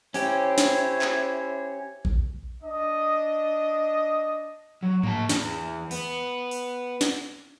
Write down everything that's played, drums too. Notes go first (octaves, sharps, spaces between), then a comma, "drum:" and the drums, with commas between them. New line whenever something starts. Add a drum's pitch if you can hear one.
C#4 E4 G4 C5 C#5, drum: open hi-hat
drum: snare
drum: clap
drum: kick A#1
D4 D#5
F#3
A#3 A5, drum: tom G#2
E2, drum: snare
B3, drum: open hi-hat
drum: open hi-hat
drum: snare